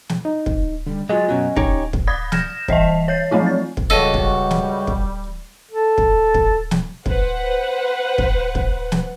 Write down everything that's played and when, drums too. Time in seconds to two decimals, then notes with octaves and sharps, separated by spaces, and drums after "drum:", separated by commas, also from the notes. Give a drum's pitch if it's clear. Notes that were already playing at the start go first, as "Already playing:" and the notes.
0.09 drum: snare
0.25 D#4
0.46 drum: kick
0.86 D3 G3
1.09 F#3 G#3 F4 D#5 G#5
1.29 F#2 B2 F#3 C#4
1.56 D#4 G4 C#5, drum: kick
1.93 drum: kick
2.07 D5 B5 D#6 G#6 A6
2.32 F6 G6 A#6 E7, drum: snare
2.68 E3 D#5 E5 A5, drum: kick
3.08 C#5 G6 C7
3.31 F3 F#3 A3 C4 F4
3.46 A6
3.77 drum: kick
3.90 C#2 G3 F#4 A4 D#5
4.14 drum: kick
4.51 drum: snare
4.87 drum: kick
5.71 A4
5.98 drum: kick
6.34 drum: kick
6.71 drum: snare
7.06 B4 C5 F#5, drum: kick
8.18 drum: kick
8.55 drum: kick
8.92 drum: snare